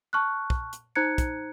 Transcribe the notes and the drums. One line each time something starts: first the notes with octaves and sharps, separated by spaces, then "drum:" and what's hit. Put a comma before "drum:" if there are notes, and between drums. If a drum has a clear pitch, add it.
A5 C#6 F6 F#6
drum: kick
drum: hi-hat
D#4 C5 A#5 F#6 G#6 C#7
drum: kick, hi-hat